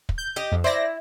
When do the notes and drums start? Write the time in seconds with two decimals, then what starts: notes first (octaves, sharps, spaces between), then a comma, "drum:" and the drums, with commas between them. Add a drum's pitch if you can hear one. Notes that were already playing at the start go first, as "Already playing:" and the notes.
0.09 drum: kick
0.18 G6
0.36 G4 D#5
0.52 F2
0.64 E4 C5 D5 A#6